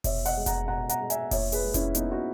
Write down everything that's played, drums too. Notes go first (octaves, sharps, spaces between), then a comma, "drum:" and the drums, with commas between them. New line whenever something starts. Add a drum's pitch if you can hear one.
B2 C#5 E5, drum: kick F1, open hi-hat
D#5 F#5, drum: open hi-hat
G#3
F#5 A#5, drum: kick F1, hi-hat
B2 F#5 A#5
F#5 A#5, drum: hi-hat
G#3
E5 G#5, drum: hi-hat
A#2 C#5 E5, drum: kick F1, open hi-hat
G#4 B4, drum: open hi-hat
G#3
C#4 E4, drum: kick F1, hi-hat
A#2 B3 D#4, drum: hi-hat
D#4 F#4